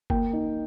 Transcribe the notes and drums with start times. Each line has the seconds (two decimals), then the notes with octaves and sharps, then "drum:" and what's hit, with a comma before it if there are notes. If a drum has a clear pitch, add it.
0.10 A#3 G5, drum: kick F#1
0.33 D#4